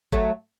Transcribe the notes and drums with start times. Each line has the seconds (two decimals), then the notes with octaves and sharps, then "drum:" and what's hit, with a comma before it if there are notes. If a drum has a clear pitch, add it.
0.12 F#3 A3, drum: kick